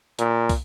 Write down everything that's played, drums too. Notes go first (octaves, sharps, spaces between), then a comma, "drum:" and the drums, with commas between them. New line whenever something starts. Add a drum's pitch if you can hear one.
A#2, drum: hi-hat
drum: kick, open hi-hat